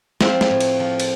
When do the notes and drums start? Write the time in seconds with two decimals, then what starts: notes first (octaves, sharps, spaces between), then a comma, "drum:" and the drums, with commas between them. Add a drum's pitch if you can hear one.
0.21 F3 C4, drum: snare
0.41 drum: snare
0.50 A2
0.60 drum: cymbal
0.80 F3
1.00 drum: cymbal